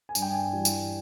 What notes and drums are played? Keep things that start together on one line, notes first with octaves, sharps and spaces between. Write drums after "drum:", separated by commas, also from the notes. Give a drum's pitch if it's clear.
G#5
G2, drum: tambourine
G5
G#5
E3 G3
drum: tambourine